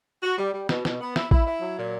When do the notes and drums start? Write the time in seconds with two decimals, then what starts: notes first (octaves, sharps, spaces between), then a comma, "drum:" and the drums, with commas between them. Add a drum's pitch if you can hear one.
0.23 F#4
0.38 G3
0.53 G3
0.69 B2, drum: snare
0.85 B2, drum: snare
1.01 B3
1.16 E4, drum: snare
1.31 E4, drum: kick
1.47 E4
1.61 F#3
1.77 A#2